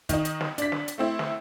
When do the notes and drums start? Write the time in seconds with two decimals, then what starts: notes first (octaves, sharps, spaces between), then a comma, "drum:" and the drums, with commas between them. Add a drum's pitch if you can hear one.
0.09 D#3 D#4, drum: kick, hi-hat
0.25 drum: hi-hat
0.41 drum: snare
0.58 D4 B6, drum: hi-hat
0.72 drum: snare
0.88 drum: hi-hat
0.98 A3 C4 E4
1.19 drum: snare